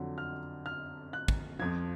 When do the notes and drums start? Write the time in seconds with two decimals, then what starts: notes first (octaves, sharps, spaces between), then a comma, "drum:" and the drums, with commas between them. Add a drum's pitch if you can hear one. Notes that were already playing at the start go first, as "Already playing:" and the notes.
Already playing: F2 D3 F#3
0.18 F6
0.66 F6
1.13 F#6
1.28 drum: kick
1.59 F2 F3 G#6